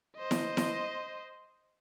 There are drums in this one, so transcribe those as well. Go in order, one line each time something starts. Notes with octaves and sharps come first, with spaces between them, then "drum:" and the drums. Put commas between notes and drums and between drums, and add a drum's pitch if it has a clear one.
C5 D#5
drum: snare E4
drum: snare E4